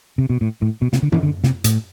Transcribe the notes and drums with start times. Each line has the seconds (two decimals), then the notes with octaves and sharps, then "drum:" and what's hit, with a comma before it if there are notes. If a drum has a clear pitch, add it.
0.18 C3
0.30 B2
0.41 A2
0.62 A2
0.82 B2
0.93 C3, drum: snare
1.02 D3
1.12 E3, drum: tom F#2
1.23 D3
1.44 C3, drum: snare
1.64 A2, drum: hi-hat